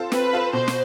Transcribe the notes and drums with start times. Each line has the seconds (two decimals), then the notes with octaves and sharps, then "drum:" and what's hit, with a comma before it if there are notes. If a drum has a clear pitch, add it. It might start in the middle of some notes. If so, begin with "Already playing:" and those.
Already playing: C4 F4 A4 C5
0.12 C4 B4, drum: snare
0.33 F4 A4 C5
0.53 B2 C5
0.68 drum: snare